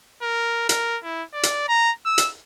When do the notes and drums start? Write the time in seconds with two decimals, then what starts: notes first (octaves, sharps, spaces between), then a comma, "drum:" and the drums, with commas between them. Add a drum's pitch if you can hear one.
0.22 A#4
0.69 A#4, drum: hi-hat
1.04 E4
1.34 D5
1.43 drum: hi-hat
1.69 A#5
2.06 E6
2.18 drum: hi-hat